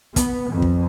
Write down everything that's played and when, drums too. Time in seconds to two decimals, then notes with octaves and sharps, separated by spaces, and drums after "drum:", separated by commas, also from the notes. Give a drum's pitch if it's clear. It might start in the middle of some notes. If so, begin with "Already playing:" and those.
0.16 B3, drum: kick, hi-hat
0.51 F2
0.62 drum: kick